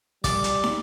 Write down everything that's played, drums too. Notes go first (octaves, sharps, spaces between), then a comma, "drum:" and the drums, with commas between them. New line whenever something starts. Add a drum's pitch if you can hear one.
G3 D5, drum: kick, hi-hat
drum: hi-hat
drum: snare